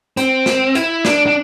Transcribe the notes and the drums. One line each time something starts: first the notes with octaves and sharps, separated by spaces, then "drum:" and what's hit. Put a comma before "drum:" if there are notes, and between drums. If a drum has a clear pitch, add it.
C4, drum: hi-hat
drum: snare
E4, drum: hi-hat
D4, drum: snare
D4